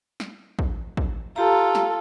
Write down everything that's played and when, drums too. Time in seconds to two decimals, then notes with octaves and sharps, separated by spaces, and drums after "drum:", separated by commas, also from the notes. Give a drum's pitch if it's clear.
0.20 drum: snare
0.59 drum: kick
0.97 drum: kick
1.36 F4 G4 A4 A#5
1.75 drum: snare